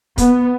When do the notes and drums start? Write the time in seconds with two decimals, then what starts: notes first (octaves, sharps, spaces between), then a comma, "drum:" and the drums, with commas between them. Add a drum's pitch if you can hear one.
0.18 B3, drum: kick, hi-hat